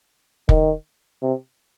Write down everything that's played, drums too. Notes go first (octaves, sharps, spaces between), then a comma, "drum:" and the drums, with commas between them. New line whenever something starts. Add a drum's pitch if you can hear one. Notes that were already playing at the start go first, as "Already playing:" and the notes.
D#3, drum: kick
C3